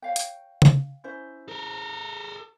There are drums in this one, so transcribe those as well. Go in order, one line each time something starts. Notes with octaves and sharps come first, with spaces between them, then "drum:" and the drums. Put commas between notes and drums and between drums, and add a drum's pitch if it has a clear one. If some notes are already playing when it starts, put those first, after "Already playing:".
C#5 F5 G5
drum: hi-hat
drum: tom C#3
C#4 E4 C5
A4 A#4